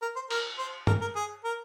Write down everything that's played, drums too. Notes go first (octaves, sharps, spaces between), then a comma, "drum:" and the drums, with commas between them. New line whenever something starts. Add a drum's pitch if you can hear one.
A#4
C5
A#4, drum: cymbal
C5
A#4, drum: tom G2
A#4
G#4
A#4